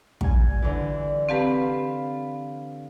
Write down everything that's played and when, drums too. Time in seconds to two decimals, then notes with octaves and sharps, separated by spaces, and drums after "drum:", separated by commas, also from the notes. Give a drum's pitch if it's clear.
0.21 G3 G#5, drum: kick
0.62 D3 E3
1.29 C4 G4 B4 F5 A5 B5